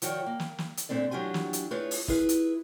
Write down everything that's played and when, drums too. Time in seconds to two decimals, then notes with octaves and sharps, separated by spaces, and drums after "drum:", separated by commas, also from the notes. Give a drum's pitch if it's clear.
0.02 D#3 F3 F#4 C#5 G5, drum: hi-hat
0.26 A#3
0.40 drum: snare
0.58 drum: snare
0.77 drum: hi-hat
0.89 A#2 D3 A3 C4 D5
1.11 E2 F#3 D4 F4 G4 G#5
1.34 drum: snare
1.53 drum: hi-hat
1.71 A3 F4 G#4 B4 C#5
1.91 drum: open hi-hat
2.08 E4 F4 G#4 B4, drum: kick
2.29 drum: hi-hat